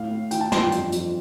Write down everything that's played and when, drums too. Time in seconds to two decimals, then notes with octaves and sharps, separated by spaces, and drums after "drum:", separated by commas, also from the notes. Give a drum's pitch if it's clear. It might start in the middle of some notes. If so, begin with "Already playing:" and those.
Already playing: A2 F5
0.11 A2
0.31 E3 G5, drum: hi-hat
0.41 A5
0.52 G2 C6, drum: snare
0.62 G5
0.72 F2, drum: hi-hat
0.92 F2, drum: hi-hat